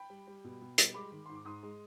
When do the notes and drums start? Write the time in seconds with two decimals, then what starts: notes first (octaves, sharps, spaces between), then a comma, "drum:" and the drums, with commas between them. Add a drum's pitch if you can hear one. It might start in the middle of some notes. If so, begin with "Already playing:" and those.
Already playing: G5 B5
0.10 G3
0.27 G3
0.44 B2
0.61 B2
0.78 G3, drum: hi-hat
0.94 G#3 B5 D6
1.12 D#3
1.26 G#2 C6
1.35 D6
1.45 G#2 C6 D#6
1.63 G#3